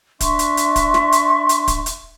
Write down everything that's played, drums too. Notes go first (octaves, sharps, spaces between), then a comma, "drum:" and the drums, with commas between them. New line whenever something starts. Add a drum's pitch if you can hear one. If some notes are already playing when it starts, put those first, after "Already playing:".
D4 E5 C6 C#6, drum: kick, hi-hat
drum: hi-hat
drum: hi-hat
drum: kick, hi-hat
drum: snare
drum: hi-hat
drum: hi-hat
drum: kick, hi-hat
drum: hi-hat